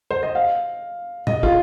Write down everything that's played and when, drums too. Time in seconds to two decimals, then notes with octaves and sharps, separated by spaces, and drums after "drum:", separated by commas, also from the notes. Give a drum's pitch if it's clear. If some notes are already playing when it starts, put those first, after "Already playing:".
0.11 C5
0.23 D#5
0.35 F5
1.27 D#5, drum: tom A#2
1.43 F4, drum: kick